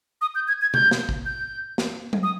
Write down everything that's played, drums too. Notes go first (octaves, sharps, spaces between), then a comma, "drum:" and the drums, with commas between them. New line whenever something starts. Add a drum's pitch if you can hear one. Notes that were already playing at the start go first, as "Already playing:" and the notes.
D#6
G6
G#6
G#6
G6, drum: tom B2
drum: snare
drum: kick
G6
drum: snare
drum: tom F#3
D#6